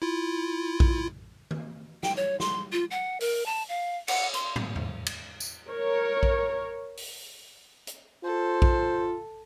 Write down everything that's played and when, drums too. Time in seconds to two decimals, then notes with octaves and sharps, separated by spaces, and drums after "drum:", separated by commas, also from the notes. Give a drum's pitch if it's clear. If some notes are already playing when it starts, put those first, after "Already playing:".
0.02 E4 F4
0.80 drum: kick A#1
1.51 drum: tom D#3
2.03 G5, drum: snare
2.17 C#5
2.40 C6, drum: snare
2.72 F4
2.91 F#5
3.20 A#4, drum: open hi-hat
3.46 A5
3.69 F5
4.08 F#5, drum: cymbal
4.34 C6, drum: hi-hat
4.56 drum: tom
4.76 drum: tom E2
5.06 drum: cymbal
5.40 drum: tambourine
5.68 A#4 C#5
6.23 drum: kick A#1
6.97 drum: open hi-hat
7.87 drum: hi-hat
8.24 F4 A4 C5
8.62 drum: kick A#1